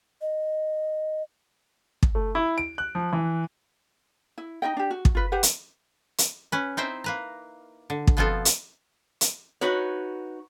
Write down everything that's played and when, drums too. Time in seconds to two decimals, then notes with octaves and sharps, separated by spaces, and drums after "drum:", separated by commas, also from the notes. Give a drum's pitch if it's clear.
0.22 D#5
2.03 drum: kick
2.15 A3
2.35 E4
2.58 D7
2.78 F#6
2.95 F3
3.13 E3
4.38 E4
4.62 D#4 F4 D#5 G5
4.77 D4 G4
4.91 F#4
5.05 drum: kick
5.15 F4 B4
5.32 G4 B4 C5 F#5
5.43 drum: hi-hat
6.18 drum: hi-hat
6.52 C#4 B4
6.77 C4 D#4 E4 C5 E5 G5
7.04 A#3 B4 A#5
7.90 D3
8.07 drum: kick
8.17 B2 F3 B3 C4 F4 A4
8.45 drum: hi-hat
9.21 drum: hi-hat
9.61 D#4 F#4 B4 C#5